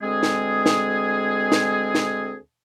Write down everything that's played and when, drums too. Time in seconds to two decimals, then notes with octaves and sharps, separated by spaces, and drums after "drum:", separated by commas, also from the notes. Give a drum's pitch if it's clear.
0.01 D2 G#3 C4 G#4
0.23 drum: snare
0.66 drum: snare
1.52 drum: snare
1.95 drum: snare